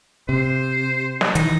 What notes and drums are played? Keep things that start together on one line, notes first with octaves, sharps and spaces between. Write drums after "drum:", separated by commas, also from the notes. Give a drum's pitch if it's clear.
C3 C5
drum: snare
D#3 E3 D#4, drum: hi-hat